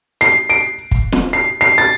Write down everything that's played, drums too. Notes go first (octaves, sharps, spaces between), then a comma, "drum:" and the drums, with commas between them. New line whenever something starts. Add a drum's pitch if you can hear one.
C7
D7
drum: kick
drum: snare
C7
C7
A6